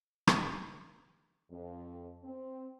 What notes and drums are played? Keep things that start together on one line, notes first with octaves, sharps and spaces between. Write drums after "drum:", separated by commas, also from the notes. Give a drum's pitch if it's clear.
drum: rim click
F2
C4